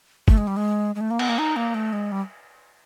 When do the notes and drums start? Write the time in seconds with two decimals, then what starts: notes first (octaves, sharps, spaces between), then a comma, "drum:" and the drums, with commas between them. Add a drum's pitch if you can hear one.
0.28 A3, drum: kick
0.38 G#3
0.47 G3
0.57 G#3
0.95 G#3
1.01 A3
1.11 A#3
1.19 B3, drum: cymbal
1.29 A#3
1.38 D#4
1.56 A#3
1.74 A3
1.93 G#3
2.12 G3